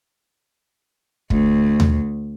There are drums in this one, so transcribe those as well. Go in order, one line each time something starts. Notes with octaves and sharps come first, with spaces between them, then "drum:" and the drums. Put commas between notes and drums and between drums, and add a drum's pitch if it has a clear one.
D2, drum: kick
drum: tom D#2